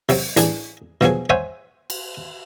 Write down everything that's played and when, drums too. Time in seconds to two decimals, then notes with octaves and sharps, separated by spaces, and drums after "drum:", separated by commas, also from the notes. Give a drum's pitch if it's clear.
0.09 C3 F#3, drum: open hi-hat
0.37 A1 D4 G#4, drum: hi-hat
1.01 B2 F3 F#3 G#4, drum: snare
1.30 C5 C#5 E5 F#5 G#5
1.90 drum: cymbal